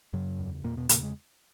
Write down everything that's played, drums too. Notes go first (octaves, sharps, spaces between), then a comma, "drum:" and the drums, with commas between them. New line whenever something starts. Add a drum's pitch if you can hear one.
F#2 C#3 F#3
E2
E2 A#2 A#3
B2 B3
A#2 C#3 A#3, drum: hi-hat
G#3